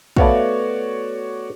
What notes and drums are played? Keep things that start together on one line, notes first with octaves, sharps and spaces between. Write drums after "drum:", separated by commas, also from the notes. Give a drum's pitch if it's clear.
A3 B3 F#4 C#5 D5 F5, drum: kick